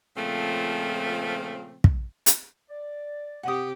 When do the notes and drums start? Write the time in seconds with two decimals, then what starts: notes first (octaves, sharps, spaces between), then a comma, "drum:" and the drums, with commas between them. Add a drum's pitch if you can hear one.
0.16 A#2 C#3 F3 A3 C4
1.84 drum: kick
2.26 drum: hi-hat
2.70 D5
3.43 C3 G4 F#5 D#6